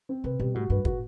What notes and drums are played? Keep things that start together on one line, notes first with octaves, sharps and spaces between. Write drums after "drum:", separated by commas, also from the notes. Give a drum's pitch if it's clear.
C4
C3 B4
B2 G3
A2 F#4
G2 B4
A2 F#4, drum: kick